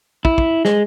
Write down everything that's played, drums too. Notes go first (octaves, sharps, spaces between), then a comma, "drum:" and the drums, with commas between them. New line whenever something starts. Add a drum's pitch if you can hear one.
E4, drum: kick
drum: kick
G#3, drum: snare